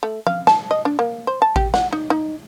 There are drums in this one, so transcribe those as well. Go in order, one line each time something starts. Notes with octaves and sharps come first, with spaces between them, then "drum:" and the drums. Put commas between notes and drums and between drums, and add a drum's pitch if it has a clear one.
A3
F5, drum: tom F3
A5, drum: snare
D#5
D4
A#3
C5
A5
G4, drum: kick A1
F#5, drum: snare
D#4
D#4